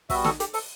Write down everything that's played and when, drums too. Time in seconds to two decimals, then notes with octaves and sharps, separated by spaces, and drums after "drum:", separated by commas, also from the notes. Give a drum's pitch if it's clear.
0.10 G3 B3 F#4 E5, drum: kick, open hi-hat
0.24 A4, drum: snare
0.40 G4, drum: hi-hat
0.54 A4, drum: open hi-hat